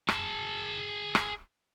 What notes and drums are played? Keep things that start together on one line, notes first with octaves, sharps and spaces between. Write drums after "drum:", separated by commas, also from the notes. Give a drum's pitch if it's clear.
G#4 A5, drum: rim click
drum: rim click